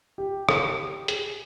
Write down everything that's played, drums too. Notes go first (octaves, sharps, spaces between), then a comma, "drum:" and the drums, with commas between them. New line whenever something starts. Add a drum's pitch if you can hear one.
G4
drum: rim click
G#4, drum: hi-hat